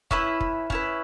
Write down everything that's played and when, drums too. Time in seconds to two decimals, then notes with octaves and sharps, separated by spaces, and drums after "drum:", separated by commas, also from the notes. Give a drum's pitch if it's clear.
0.11 C#4 E4 B4, drum: kick
0.41 drum: kick
0.70 C#4 E4 B4, drum: kick